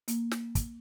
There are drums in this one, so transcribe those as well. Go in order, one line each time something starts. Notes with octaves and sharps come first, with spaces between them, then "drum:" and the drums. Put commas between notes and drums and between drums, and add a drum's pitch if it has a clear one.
A#3, drum: hi-hat
drum: snare
drum: kick, hi-hat